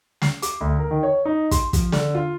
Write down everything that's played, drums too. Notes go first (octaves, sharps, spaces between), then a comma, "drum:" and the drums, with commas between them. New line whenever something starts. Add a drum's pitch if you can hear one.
C7, drum: snare
D6, drum: hi-hat
D2
A#4
D#3
C#5
D#4
C6, drum: kick, hi-hat
F3, drum: kick, hi-hat
D3, drum: snare
F4